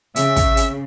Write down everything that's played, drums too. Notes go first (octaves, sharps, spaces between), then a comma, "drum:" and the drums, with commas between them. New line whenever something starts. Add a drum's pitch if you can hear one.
C#3 E5, drum: hi-hat
drum: kick, hi-hat
drum: hi-hat